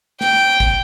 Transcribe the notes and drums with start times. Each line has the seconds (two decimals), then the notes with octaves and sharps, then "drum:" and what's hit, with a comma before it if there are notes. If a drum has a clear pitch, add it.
0.21 G5, drum: snare
0.60 drum: kick G1